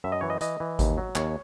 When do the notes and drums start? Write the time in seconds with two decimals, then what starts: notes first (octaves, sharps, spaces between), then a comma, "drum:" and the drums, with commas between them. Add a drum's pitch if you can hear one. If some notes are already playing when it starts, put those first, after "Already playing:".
0.04 F#2 E5
0.12 D#5
0.21 E3 C#5
0.30 D#5
0.41 E3 D#5, drum: hi-hat
0.60 E3
0.79 D#2, drum: kick G#1, hi-hat
0.98 F#3
1.15 D#2 C#5, drum: clap